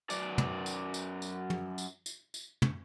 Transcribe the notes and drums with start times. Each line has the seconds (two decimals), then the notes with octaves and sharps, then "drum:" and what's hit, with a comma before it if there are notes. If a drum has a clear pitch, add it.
0.10 F#2 D5, drum: tambourine
0.38 drum: tom
0.66 drum: tambourine
0.94 drum: tambourine
1.22 drum: tambourine
1.50 drum: tom
1.78 drum: tambourine
2.06 drum: tambourine
2.34 drum: tambourine
2.62 drum: tom